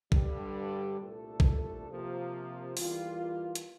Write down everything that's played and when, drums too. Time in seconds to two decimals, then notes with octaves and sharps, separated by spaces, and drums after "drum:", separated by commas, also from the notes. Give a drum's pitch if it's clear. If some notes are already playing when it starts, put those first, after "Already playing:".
0.12 G2 D3 G3, drum: kick A#1
1.00 C2 A#2 A3 D4 A4
1.40 drum: kick A#1
1.88 C3 F3 A#3
2.77 E2 E3 G3 A#3 F4, drum: open hi-hat
3.55 drum: hi-hat